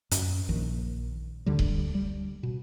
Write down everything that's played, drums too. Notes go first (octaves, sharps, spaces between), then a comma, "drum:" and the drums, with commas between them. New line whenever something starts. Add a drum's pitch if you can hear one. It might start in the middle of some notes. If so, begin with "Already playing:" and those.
F#2, drum: hi-hat
A#1 D#3
D2 D3 G3
drum: kick D#1
G3
B2